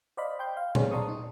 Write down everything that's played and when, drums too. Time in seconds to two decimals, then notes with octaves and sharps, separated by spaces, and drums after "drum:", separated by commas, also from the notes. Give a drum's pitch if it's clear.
0.17 C5 D5 D#5 F5 B5
0.39 G5 C6 G6
0.57 F5
0.75 B3 D4 G#4 C5 C#5, drum: tom A#2
0.91 D5 A5 A#5 C6 C#6 D#6
1.09 D#4